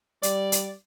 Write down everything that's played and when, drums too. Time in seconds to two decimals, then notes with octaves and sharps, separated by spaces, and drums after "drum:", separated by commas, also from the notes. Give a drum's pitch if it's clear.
0.23 G3 D5, drum: hi-hat
0.52 drum: hi-hat